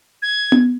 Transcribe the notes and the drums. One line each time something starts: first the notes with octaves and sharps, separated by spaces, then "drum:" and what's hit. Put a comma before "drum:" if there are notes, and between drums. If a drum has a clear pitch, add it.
G#6
drum: tom B3